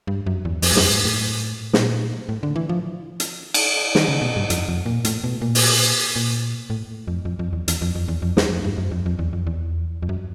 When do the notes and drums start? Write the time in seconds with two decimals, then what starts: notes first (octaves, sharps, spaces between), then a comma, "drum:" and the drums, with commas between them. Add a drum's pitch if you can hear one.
0.07 G2
0.26 F#2
0.45 E2
0.62 F2, drum: open hi-hat
0.72 G2
0.76 F#2, drum: snare
0.91 G#2
1.05 A2
1.73 A#2, drum: snare
2.29 A2
2.43 D3
2.56 E3
2.69 F3
3.20 drum: hi-hat
3.54 drum: cymbal
3.95 D#3, drum: snare
4.09 C#3
4.21 B2
4.36 G2
4.50 F2, drum: hi-hat
4.68 F2
4.86 A#2
5.05 A2, drum: hi-hat
5.24 B2
5.41 A#2
5.55 drum: open hi-hat
6.16 A#2
6.70 A2
7.07 F2
7.25 F2
7.39 F2
7.53 E2
7.68 E2, drum: hi-hat
7.82 F2
7.95 F2
8.08 E2
8.22 F2
8.37 E2, drum: snare
8.50 F2
8.64 G2
8.78 F#2
8.91 F2
9.06 F2
9.19 E2
9.33 F2
9.47 E2
10.02 F2
10.09 F#2